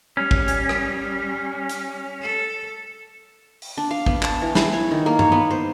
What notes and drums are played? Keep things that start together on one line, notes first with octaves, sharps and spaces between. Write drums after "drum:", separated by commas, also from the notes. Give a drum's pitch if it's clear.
G3 C#4
drum: kick
drum: hi-hat
drum: rim click
drum: hi-hat
A4
drum: open hi-hat
D4
F5
B3, drum: kick
A5, drum: clap
E3
E4, drum: snare
C#5
D#3
A#3
C#5, drum: tom G2
B3
C5